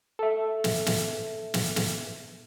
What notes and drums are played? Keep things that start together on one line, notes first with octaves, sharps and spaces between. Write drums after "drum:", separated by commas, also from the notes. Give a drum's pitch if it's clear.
A4 E5
drum: snare
drum: snare
drum: snare
drum: snare